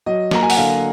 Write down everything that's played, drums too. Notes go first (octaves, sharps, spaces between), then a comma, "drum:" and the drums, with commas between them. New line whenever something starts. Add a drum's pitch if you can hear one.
F#3 D#5
A#3 A#5, drum: snare
G#5
F#5, drum: open hi-hat
D3 F5